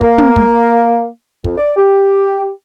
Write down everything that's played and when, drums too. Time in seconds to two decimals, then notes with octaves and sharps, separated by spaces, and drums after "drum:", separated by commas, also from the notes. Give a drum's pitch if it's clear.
0.01 A#3, drum: kick
0.18 drum: tom
0.36 drum: kick
1.44 F2, drum: kick
1.58 D5
1.77 G4